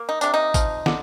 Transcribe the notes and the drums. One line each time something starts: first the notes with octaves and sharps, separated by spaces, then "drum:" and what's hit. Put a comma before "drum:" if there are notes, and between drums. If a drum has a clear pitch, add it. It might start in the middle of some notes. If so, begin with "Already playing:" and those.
Already playing: A#3
D#4
C3 D4, drum: tambourine
D#4
F3, drum: kick, tambourine
D3, drum: snare